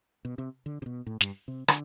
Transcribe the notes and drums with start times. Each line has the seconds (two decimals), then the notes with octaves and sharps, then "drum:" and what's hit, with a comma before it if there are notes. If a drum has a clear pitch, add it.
0.25 B2
0.38 C3
0.66 D3
0.82 C3
0.86 B2
1.06 A2
1.21 G2, drum: snare
1.48 C3
1.68 D3, drum: rim click